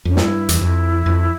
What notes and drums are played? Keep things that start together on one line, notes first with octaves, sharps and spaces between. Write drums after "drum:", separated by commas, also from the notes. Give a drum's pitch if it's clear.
F2 C#4
G2 E4, drum: snare
E2, drum: hi-hat
F2
F2